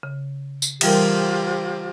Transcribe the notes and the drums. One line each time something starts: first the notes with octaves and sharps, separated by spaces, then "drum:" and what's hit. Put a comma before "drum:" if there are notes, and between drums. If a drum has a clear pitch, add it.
C#3
drum: tambourine
E3 G3 F4 G4 A#4 C5, drum: cymbal